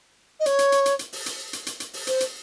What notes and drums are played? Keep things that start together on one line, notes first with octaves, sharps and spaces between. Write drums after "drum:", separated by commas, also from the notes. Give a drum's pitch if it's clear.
D#5
C#5, drum: hi-hat
drum: hi-hat
drum: hi-hat
drum: hi-hat
drum: hi-hat
drum: open hi-hat
drum: hi-hat
drum: hi-hat
drum: hi-hat
drum: hi-hat
drum: open hi-hat
C5, drum: hi-hat
drum: hi-hat